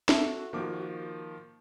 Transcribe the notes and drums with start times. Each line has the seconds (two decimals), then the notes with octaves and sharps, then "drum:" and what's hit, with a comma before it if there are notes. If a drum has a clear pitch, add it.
0.09 F#4 A4 E5, drum: snare
0.53 D#3 F3 A#3 D6